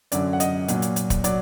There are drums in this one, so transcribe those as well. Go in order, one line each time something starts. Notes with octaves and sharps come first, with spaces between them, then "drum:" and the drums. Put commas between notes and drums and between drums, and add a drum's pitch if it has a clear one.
F#2 D3 F#3 D5, drum: hi-hat
F#5
D#5, drum: hi-hat
A#2 F#3, drum: hi-hat
drum: hi-hat
drum: hi-hat
drum: kick, hi-hat
F#3 D5, drum: hi-hat